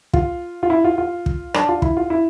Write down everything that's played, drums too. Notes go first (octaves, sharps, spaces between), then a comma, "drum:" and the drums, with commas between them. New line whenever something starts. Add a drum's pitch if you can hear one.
F4, drum: kick
F4
E4
F4
F4
drum: kick
D4, drum: rim click
F4
E4, drum: kick
F4
E4